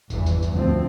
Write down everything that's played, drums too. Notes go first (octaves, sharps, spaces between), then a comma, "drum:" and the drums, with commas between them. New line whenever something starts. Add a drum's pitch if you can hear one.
E2 G2 E3, drum: kick, tambourine
drum: kick, tambourine
drum: tambourine
D2 F3 C4